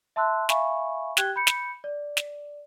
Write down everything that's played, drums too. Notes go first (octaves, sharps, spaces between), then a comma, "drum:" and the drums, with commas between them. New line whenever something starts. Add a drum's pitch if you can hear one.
E5 A5 C6 E6 F#6
E5 F5 G#5 B5 C#6, drum: snare
G4 G5 F#6 G#6 G7, drum: snare
B5 G6 C#7
drum: snare
D5
drum: snare